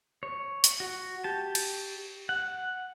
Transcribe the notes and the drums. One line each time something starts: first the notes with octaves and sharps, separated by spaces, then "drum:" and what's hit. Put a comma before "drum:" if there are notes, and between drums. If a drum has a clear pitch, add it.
C#5
drum: hi-hat
F#4
G4 A5
drum: cymbal
F#5